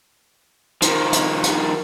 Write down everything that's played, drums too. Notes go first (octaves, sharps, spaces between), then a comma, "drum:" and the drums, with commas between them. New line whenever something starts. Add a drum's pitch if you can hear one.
D#3 F3, drum: hi-hat
drum: hi-hat
drum: hi-hat